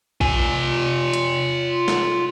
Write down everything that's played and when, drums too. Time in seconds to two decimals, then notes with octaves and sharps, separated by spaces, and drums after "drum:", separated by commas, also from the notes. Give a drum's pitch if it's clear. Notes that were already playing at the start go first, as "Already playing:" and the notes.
0.21 F4 G#5, drum: kick A#1
1.14 drum: hi-hat
1.88 drum: snare